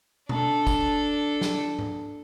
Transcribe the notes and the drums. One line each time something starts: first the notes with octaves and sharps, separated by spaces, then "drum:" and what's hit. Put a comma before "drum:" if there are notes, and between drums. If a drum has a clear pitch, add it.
D4 A4, drum: tom B2
drum: kick, tambourine
drum: snare
drum: tom G#2